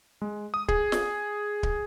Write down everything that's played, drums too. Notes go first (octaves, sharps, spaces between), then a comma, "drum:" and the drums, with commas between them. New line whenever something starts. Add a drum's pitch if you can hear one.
G#3
D#6
G#4, drum: kick D1
drum: snare
drum: kick D1